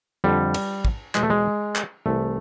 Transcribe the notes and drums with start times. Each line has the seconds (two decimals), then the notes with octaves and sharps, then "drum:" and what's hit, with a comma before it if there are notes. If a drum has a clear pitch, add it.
0.24 F2 D3 G3
0.54 drum: cymbal
0.85 drum: kick
1.15 E2 B2 G#3, drum: clap
1.23 A3
1.30 G#3
1.75 drum: clap
2.06 C2 C3 E3 A3